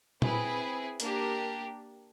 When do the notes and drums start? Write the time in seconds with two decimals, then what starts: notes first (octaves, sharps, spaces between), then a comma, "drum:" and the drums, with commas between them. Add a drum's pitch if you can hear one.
0.22 C4 E4 G#4 B4, drum: tom A#2
1.00 A#3 D4 G4 A#4, drum: hi-hat